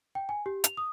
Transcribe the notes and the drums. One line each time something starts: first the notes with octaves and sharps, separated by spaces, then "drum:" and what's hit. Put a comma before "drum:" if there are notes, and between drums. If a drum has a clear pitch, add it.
G5
G#5
G4
F7, drum: hi-hat
D#6